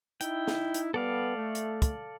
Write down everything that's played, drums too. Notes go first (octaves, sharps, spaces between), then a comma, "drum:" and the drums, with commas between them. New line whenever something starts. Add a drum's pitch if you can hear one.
D#4 E4 G5, drum: hi-hat
drum: snare
drum: hi-hat
G3 B3 A4 D5 F5
A3
drum: hi-hat
drum: kick, hi-hat